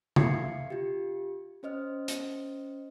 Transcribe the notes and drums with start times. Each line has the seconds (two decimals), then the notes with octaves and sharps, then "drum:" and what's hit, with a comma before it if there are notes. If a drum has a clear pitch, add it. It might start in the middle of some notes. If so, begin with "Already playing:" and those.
0.16 E5 F5 G#6 C7 C#7, drum: tom C#3
0.70 F4 G4
1.63 C#4 C5 D#5 F6
2.08 drum: hi-hat